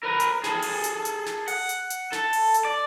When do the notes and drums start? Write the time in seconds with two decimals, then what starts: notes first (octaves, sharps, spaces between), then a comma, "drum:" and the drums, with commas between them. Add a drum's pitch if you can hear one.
0.04 A#4 B4
0.20 drum: hi-hat
0.44 G#4 A4, drum: snare
0.62 drum: open hi-hat
0.84 drum: hi-hat
1.05 drum: hi-hat
1.26 drum: snare
1.48 F#5, drum: open hi-hat
1.69 drum: hi-hat
1.90 drum: hi-hat
2.13 A4, drum: snare
2.33 drum: open hi-hat
2.54 drum: hi-hat
2.65 D5